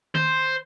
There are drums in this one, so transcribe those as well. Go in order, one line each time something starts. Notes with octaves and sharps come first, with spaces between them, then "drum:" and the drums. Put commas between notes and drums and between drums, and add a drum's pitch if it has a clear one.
C5, drum: tom D#3